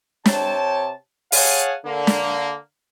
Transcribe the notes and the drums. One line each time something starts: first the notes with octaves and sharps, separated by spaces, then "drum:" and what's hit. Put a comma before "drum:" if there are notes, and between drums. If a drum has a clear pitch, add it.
C3 C#5 G5 A5, drum: snare
G#4 C#5 F5 F#5 G#5 A5, drum: open hi-hat
D3 A#3
drum: snare